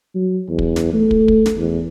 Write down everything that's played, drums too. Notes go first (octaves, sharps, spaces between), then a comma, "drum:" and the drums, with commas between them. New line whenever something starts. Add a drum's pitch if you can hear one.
F#3
E2
drum: kick
drum: snare
A3
drum: kick
drum: kick
drum: snare
E2